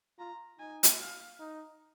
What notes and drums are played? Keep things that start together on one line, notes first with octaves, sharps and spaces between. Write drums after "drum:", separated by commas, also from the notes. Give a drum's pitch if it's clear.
F4 A#5
D#4 G#5
drum: hi-hat
F5
D#4